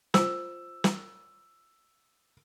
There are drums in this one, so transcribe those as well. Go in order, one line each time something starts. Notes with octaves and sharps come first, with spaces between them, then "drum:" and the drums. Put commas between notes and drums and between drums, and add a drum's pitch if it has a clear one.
F4 C5 E6, drum: snare
drum: snare